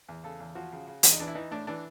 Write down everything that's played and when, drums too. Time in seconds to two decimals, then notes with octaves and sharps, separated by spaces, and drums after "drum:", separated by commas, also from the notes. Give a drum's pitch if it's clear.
0.09 E2
0.24 C#3 A4
0.40 E2
0.55 F3 F#4
0.72 C#3
0.87 C#3
1.03 E2, drum: hi-hat
1.12 D#4
1.20 E3 D4
1.28 E4
1.35 E3 D#4
1.51 A2 D4
1.67 E3 D4